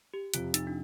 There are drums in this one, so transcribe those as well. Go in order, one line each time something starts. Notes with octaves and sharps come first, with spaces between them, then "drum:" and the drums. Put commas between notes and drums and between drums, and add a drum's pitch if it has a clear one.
G4
F2 C3 F3 C4 F4, drum: hi-hat
D#4, drum: hi-hat
D4